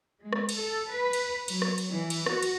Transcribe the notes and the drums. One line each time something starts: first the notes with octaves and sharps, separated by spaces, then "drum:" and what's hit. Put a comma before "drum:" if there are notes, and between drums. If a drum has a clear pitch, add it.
G#3
drum: rim click
drum: cymbal
A4
B4
drum: cymbal
F#3, drum: cymbal
drum: rim click
drum: cymbal
E3
drum: cymbal
F#4, drum: rim click
drum: cymbal